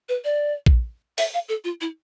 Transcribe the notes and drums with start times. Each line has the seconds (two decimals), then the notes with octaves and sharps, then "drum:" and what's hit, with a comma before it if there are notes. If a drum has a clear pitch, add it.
0.09 B4
0.25 D5
0.66 drum: kick A#1
1.18 E5, drum: open hi-hat
1.34 F5
1.49 A4
1.64 F4
1.81 E4